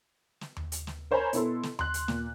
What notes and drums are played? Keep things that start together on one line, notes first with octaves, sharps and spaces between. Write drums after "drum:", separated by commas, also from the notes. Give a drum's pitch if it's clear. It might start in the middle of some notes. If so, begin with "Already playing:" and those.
drum: snare
drum: tom D#2
drum: hi-hat
drum: snare
A#4 C5 C#5 G#5 A#5 B5
B2 B3 E4 A4 C6, drum: hi-hat
drum: snare
C6 F#6, drum: tom D#2
drum: hi-hat
A#2, drum: snare